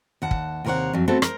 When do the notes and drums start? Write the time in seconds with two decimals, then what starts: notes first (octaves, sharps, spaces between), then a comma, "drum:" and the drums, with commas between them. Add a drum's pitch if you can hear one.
0.22 D#2 F#5 A5
0.31 drum: kick
0.65 D#2 C3 A#4 C5 C#5 F#5
0.93 F2 F#3
1.08 A3 B3 C4 F#4 A4
1.22 A#4 C5, drum: rim click